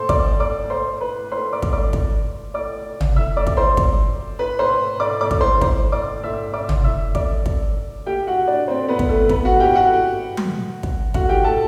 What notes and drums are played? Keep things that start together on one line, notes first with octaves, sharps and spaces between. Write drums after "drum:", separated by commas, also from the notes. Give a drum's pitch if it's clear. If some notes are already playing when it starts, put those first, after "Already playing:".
Already playing: A4 C5 A5 C6
D5 D6, drum: kick
D5 D6
C5 C6
B4 B5
C5 C6
D5 D6
drum: kick
D5 D6
drum: kick
D5 D6
drum: tom
E5 E6
D5 D6
drum: kick
C5 C6
drum: kick
B4 B5
C5 C6
D5 D6
D5 D6
drum: kick
C5 C6
C5 C6, drum: kick
D5 D6
E5 E6
D5 D6
drum: tom
E5 E6
D5 D6, drum: kick
drum: kick
G4 G5
F#4 F#5
D4 D5
C4 C5
B3 B4
drum: kick
A3 A4
B3 B4, drum: kick
F#4 F#5
G4 G5
F#4 F#5
drum: tom F#3
drum: kick
F#4 F#5, drum: kick
G4 G5
A4 A5